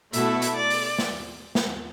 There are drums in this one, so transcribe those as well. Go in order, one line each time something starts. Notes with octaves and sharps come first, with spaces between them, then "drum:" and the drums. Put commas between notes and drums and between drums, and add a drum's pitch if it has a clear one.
B2 A3 E4 A4 E5, drum: hi-hat
drum: hi-hat
D5
drum: open hi-hat
drum: snare
drum: snare